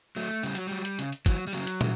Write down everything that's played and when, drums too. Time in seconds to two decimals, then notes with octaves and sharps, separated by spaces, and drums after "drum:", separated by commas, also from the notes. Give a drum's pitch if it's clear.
0.16 F#3 A3
0.43 C#3 G3, drum: hi-hat
0.55 F#3, drum: hi-hat
0.67 F#3 G3
0.85 drum: hi-hat
0.99 C#3, drum: hi-hat
1.12 drum: hi-hat
1.26 E3 F#3, drum: kick, hi-hat
1.47 G3
1.53 C#3 F#3, drum: hi-hat
1.67 drum: hi-hat
1.81 E3, drum: tom